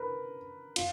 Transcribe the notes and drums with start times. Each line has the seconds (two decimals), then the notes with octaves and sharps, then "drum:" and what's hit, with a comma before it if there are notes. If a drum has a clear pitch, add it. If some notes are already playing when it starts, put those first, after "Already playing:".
Already playing: A#4 B4
0.76 F4, drum: cymbal